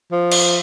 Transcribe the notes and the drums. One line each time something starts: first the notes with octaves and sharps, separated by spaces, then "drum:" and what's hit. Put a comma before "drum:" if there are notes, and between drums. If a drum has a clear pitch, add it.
F3
drum: cymbal